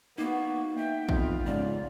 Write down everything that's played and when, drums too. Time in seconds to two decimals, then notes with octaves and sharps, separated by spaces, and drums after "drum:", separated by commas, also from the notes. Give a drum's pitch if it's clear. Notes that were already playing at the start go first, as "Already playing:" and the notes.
0.18 A#3 B3 D#4 F#4
0.77 E5 G5
1.09 F2 B3 F4, drum: kick
1.47 G#2 C#3 D5